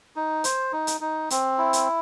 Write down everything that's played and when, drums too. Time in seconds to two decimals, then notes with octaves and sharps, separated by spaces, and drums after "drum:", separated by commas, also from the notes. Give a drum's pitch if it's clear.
0.16 D#4
0.44 C5, drum: hi-hat
0.73 D#4
0.87 drum: hi-hat
1.01 D#4
1.30 C4, drum: hi-hat
1.58 E4
1.73 drum: hi-hat